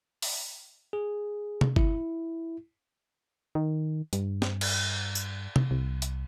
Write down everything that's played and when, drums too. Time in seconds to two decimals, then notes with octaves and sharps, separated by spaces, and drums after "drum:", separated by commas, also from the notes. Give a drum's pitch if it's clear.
0.22 drum: open hi-hat
0.93 G#4
1.61 drum: tom C3
1.76 E4, drum: kick G1
3.55 D#3
4.13 G2, drum: hi-hat
4.42 drum: snare
4.61 drum: cymbal
5.15 drum: tambourine
5.56 drum: tom C3
5.71 C2
6.02 drum: hi-hat